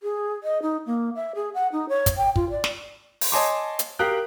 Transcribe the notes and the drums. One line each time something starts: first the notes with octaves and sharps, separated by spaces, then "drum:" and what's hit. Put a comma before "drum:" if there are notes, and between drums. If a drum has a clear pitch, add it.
G#4
D#5
D#4
A#3
E5
G#4
F#5
D#4
C#5
drum: kick, hi-hat
G5
F4, drum: kick
D5
drum: snare
drum: open hi-hat
C#5 D#5 G#5 A5 C6 D6
drum: hi-hat
G4 A#4 F5 G5 D#6 F#6